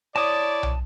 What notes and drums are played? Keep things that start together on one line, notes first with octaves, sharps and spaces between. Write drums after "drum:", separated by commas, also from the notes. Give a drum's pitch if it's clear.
E4 C#5 D5 A5 D#6
drum: tom